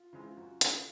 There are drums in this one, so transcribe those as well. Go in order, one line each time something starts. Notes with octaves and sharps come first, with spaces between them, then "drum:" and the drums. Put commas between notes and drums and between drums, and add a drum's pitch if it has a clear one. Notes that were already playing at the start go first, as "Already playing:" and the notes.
Already playing: F4
C#3 E3 G#3 C4
F4
F#2 F#4
C#3 E3 A4, drum: hi-hat